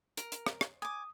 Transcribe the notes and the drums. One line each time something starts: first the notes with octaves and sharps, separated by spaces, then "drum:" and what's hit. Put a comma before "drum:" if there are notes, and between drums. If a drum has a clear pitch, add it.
A#4, drum: hi-hat
drum: hi-hat
drum: rim click
drum: rim click
G#5 D6 D#6